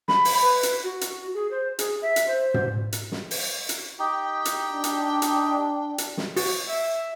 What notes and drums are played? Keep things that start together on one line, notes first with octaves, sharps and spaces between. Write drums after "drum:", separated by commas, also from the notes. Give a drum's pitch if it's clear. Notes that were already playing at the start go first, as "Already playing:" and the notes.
B5, drum: snare
drum: open hi-hat
B4
drum: hi-hat
F#4
drum: hi-hat
G#4
C5
G#4, drum: hi-hat
E5
drum: hi-hat
C5
drum: tom
drum: hi-hat
drum: snare
drum: open hi-hat
drum: hi-hat
D#4 G4 G5
drum: hi-hat
D4
drum: hi-hat
drum: hi-hat
drum: hi-hat
drum: snare
F#4, drum: open hi-hat
E5